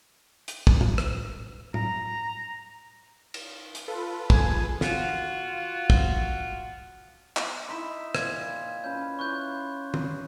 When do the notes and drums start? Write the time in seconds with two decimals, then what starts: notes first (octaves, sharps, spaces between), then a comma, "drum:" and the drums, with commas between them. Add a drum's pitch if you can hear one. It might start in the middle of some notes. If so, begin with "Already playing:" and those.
0.48 drum: hi-hat
0.67 drum: kick
0.81 drum: tom
0.98 drum: rim click
1.74 A#5, drum: tom
3.34 drum: cymbal
3.75 drum: hi-hat
3.88 F4 A4 B4
4.30 G#4 G#5, drum: kick
4.81 F4 F#4, drum: snare
5.90 drum: kick
7.37 drum: clap
7.68 D#4 E4 C6 B6 E7
8.15 A#2 G#6, drum: rim click
8.84 C#4 F4 B4 G6
9.19 E3 F4 C#6 F#6 G6
9.94 drum: tom D#3